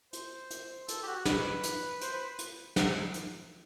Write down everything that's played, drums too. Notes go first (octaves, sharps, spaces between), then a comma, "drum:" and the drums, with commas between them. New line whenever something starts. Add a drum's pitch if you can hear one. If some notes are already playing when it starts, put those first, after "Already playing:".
C5, drum: hi-hat
drum: hi-hat
A4, drum: hi-hat
G4
F#4
B4, drum: snare
drum: hi-hat
C5, drum: hi-hat
B4
drum: hi-hat
drum: snare
drum: hi-hat